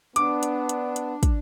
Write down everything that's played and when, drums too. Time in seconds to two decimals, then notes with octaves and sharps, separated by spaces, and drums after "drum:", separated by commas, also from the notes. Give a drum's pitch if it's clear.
0.16 B3 D4 D6, drum: hi-hat
0.43 drum: hi-hat
0.69 drum: hi-hat
0.96 drum: hi-hat
1.23 drum: kick, hi-hat